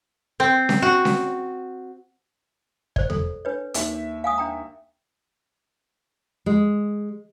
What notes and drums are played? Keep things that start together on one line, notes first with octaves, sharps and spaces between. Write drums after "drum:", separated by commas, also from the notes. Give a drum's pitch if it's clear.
C4
drum: snare C#4
F#4
drum: snare C#4
C5 D5, drum: kick
A4, drum: tom E2
D4 B4 C#5
D#2 E5, drum: hi-hat
F5 G#5 D#6
D4 G5 A#5
G#3